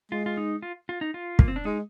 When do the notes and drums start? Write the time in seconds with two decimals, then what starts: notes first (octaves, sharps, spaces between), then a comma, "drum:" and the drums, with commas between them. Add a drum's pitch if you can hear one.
0.11 G#3 F4
0.26 F4
0.37 D#4
0.62 F4
0.89 F4
1.01 D#4
1.14 F4
1.39 A#3, drum: kick
1.48 C4
1.56 D4
1.65 G#3 D#4